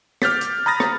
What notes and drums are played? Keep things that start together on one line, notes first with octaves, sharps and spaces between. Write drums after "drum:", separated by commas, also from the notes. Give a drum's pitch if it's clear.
D6 F6 G6 A6 B6, drum: rim click
drum: hi-hat
A#5 B5 D#6 A6 A#6
drum: rim click